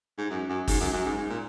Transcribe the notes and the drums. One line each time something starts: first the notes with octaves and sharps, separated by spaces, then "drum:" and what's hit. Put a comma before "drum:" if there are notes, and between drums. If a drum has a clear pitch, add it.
G#2
F#2
F#2
G#2, drum: kick, open hi-hat
F#2
F#2
G#2
G#2
A#2